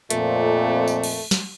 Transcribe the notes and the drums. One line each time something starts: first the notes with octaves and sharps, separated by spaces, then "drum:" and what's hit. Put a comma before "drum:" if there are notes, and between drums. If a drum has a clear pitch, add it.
F2 A#2 A3, drum: hi-hat
drum: tambourine
drum: cymbal
drum: snare